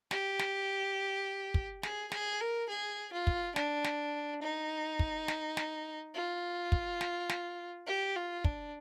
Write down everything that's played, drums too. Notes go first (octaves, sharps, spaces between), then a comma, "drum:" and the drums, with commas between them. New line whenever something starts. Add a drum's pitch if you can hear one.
G4, drum: snare
drum: snare
drum: kick
G#4, drum: snare
G#4, drum: snare
A#4
G#4
F4
drum: kick
D4, drum: snare
drum: snare
D#4
drum: kick
drum: snare
drum: snare
F4
drum: kick
drum: snare
drum: snare
G4
F4
D4, drum: kick